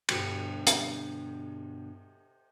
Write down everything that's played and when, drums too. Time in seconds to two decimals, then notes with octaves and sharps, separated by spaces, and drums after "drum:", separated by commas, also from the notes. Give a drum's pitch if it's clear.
0.09 G2 B2 D3 D4 F#4, drum: cymbal
0.67 drum: hi-hat